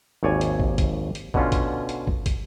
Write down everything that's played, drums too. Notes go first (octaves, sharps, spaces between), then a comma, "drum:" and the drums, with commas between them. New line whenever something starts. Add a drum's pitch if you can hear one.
G#1 D#2 C#5 D5 G#5
drum: hi-hat
drum: kick
drum: kick, hi-hat
drum: hi-hat
B2 D3 C#4 F4, drum: kick
drum: kick, hi-hat
drum: hi-hat
drum: kick
drum: kick, hi-hat